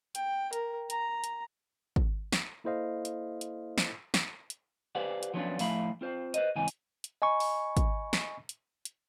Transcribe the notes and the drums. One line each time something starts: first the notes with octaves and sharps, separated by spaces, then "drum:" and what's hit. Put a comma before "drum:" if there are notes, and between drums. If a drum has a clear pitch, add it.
G5, drum: hi-hat
A#4, drum: hi-hat
A#5, drum: hi-hat
drum: hi-hat
drum: kick
drum: snare
A#3 E4 A4 C5 D#5 F5
drum: hi-hat
drum: hi-hat
drum: snare
drum: snare
drum: hi-hat
G4 B4 C5 D5 F5 F#5
drum: hi-hat
F3 F#3 B3 C#4 D4 F4
A2 F3 E5 F5 B5, drum: open hi-hat
C4 F4 C5
B4 C5 D#5, drum: hi-hat
C#2 G#2 E3 C4 G#5
drum: hi-hat
drum: hi-hat
D#5 G#5 B5 C#6
drum: open hi-hat
drum: kick, hi-hat
drum: snare
drum: hi-hat
drum: hi-hat